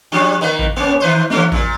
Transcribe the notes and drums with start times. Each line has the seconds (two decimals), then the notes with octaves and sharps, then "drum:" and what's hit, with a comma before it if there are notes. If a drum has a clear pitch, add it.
0.12 F3 G3 D4
0.41 D#3 A#3 B4
0.59 drum: kick A1
0.76 A#3 C#4
1.00 D#3 B4 C5
1.30 E3 A3 D4, drum: snare
1.52 A#2, drum: kick A1